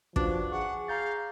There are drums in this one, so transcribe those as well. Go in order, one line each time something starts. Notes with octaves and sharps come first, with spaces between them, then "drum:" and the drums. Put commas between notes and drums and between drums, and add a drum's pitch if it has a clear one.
F3 D4 F#4 B4, drum: kick
G#4 F#5 C#6
F5 A#5 G6 A6